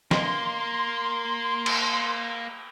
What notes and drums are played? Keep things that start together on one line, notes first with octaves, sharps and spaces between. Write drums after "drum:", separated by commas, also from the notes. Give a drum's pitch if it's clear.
A#3 C6, drum: snare
drum: cymbal